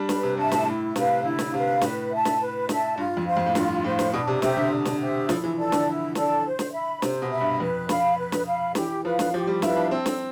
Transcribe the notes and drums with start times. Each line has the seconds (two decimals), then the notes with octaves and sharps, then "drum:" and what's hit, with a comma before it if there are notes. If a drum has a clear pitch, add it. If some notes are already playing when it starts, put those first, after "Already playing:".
Already playing: G3 D4
0.09 B4, drum: snare
0.23 C3
0.37 G2 E5 A5
0.52 A2, drum: snare
0.66 A2 E4
0.96 C3 B4 F5, drum: snare
1.24 D3 E4
1.39 drum: snare
1.53 C3 B4 F5
1.81 A2 B4, drum: snare
2.11 E5 A5
2.25 drum: snare
2.40 B4
2.69 E5 A5, drum: snare
2.97 G2 F4
3.17 F2
3.26 C5 F5
3.37 F2
3.46 A2
3.55 G2 F4, drum: snare
3.84 A2 C5 F5
3.99 drum: snare
4.13 B2 D4
4.27 C3
4.42 C3 G4 C5 E5, drum: snare
4.56 D3
4.71 D4
4.85 drum: snare
5.00 G4 C5 E5
5.29 F3 E4, drum: snare
5.44 E3
5.58 A4 D5 A5
5.72 D3, drum: snare
5.87 E4
6.15 A4 D5 A5, drum: snare
6.44 C5
6.59 drum: snare
6.73 E5 B5
7.02 C3 C5, drum: snare
7.22 B2
7.31 E5 B5
7.41 G2
7.60 F2 B4
7.89 F5 B5, drum: snare
8.18 B4
8.32 drum: snare
8.47 F5 B5
8.75 E3 G4, drum: snare
9.05 F3 B4 F5
9.19 drum: snare
9.34 F3 G4
9.47 G3
9.62 E4 B4 F5, drum: snare
9.77 D4
9.91 C4 A4
10.06 drum: snare